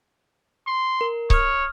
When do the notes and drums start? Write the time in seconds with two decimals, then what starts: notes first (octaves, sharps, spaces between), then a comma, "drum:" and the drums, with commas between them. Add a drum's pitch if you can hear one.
0.67 C6
1.01 A#4
1.30 C#5 D#6 F6, drum: kick C#1